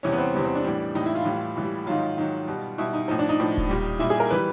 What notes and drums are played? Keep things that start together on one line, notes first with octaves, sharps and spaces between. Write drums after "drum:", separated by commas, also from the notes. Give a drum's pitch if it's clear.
E2 C3 E3 G3 C#4
B3
C4
E2 C3 E3 G3
C4
D4
A2 E3 G3, drum: hi-hat
A2 E3 G3 D#4, drum: open hi-hat
E4
F4
A2 E3 G3
A2 E3 G3
G#2 D#3 F#3 F4
G#2 D#3 F#3
B2 G3
B2 G3 E4
D#4
A2 F3 D#4
D4
D#4
A2 F3
drum: kick D#1
A#2 G3
A#2 G3 E4
G#4
A#4
E3 G3 B4